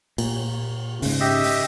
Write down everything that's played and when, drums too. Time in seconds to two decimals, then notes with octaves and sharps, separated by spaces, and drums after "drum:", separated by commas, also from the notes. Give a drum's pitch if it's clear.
0.18 A#2, drum: cymbal
1.02 G#2 C#3, drum: open hi-hat
1.20 G4 D#5 E5
1.43 drum: open hi-hat